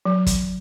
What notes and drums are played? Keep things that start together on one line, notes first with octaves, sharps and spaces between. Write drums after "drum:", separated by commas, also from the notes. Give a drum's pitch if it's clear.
F#3
drum: kick, hi-hat